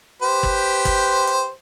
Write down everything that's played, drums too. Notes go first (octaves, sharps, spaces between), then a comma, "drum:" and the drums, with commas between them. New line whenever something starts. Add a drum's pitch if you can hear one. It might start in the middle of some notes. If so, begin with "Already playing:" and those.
G4 B4 C5
drum: kick G1
drum: kick G1, hi-hat
drum: hi-hat